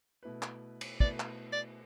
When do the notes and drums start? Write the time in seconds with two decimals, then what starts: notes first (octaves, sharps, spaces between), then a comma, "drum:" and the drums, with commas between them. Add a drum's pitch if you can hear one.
0.23 B2 A3 E4 B4
0.42 drum: clap
0.81 drum: cymbal
1.00 B2 A3 E4 B4 D5, drum: kick
1.20 drum: clap
1.52 D5